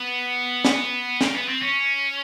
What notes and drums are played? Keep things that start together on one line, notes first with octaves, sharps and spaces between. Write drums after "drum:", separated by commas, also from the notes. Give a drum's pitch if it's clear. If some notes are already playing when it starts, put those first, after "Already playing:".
Already playing: B3
drum: snare
A#3, drum: snare
B3
C4
C#4